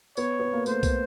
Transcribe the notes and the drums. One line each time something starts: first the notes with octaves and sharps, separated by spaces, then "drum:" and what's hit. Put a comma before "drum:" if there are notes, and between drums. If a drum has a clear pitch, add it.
B3 C#5, drum: tambourine
B3
A#3
A3 C5, drum: tambourine
drum: kick, tambourine